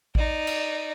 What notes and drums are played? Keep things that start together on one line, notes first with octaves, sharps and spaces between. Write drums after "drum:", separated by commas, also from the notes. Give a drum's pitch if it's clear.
D#4 D5, drum: kick A1
drum: cymbal